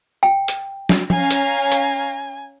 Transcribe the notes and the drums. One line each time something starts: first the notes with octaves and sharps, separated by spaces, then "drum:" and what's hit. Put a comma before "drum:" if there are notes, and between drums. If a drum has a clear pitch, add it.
G5
drum: hi-hat
drum: snare
C#4 F5 G#5 A#5, drum: tom F3
drum: hi-hat
drum: hi-hat